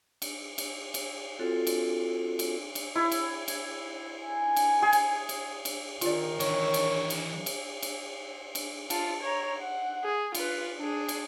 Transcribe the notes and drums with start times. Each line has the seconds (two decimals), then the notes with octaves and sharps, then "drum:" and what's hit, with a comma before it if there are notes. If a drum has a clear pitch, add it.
0.22 drum: cymbal
0.58 drum: cymbal
0.94 drum: cymbal
1.39 C4 F4 F#4 A4
1.67 drum: cymbal
2.39 drum: cymbal
2.75 drum: cymbal
2.95 E4
3.12 drum: cymbal
3.48 drum: cymbal
4.27 G#5
4.56 drum: cymbal
4.82 G#4
4.93 drum: cymbal
5.29 drum: cymbal
5.65 drum: cymbal
6.01 D#3 F4 D5, drum: cymbal
6.40 E3 A#4 C#5, drum: cymbal
6.74 drum: cymbal
7.10 drum: cymbal
7.46 drum: cymbal
7.83 drum: cymbal
8.55 drum: cymbal
8.90 F4 A5, drum: cymbal
9.22 C#5 A#5
9.58 F#5
10.04 G#4
10.35 F4 B4, drum: cymbal
10.77 D4 G#4
11.09 drum: cymbal